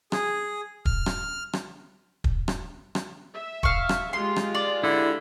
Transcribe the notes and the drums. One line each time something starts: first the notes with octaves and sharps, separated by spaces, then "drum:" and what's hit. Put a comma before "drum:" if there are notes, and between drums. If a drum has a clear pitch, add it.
G#4, drum: rim click
F6, drum: kick
drum: rim click
drum: rim click
drum: kick
drum: rim click
drum: rim click
E5
F5 C#6, drum: kick
drum: rim click
G#3 F4 G4 C6
drum: rim click
D5
D3 E4